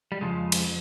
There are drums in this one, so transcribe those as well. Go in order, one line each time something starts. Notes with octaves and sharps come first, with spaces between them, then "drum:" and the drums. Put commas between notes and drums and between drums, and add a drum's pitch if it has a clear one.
G3
F2 C#3 F3 G#3
drum: cymbal